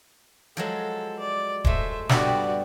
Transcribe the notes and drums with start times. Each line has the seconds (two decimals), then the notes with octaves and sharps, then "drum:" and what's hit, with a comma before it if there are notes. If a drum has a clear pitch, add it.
0.57 F3 F#3 G#3 A4
1.19 D5
1.65 G#3 A3 C5 E5, drum: kick D#1
2.09 G2 G3 B3 F#4 D5, drum: snare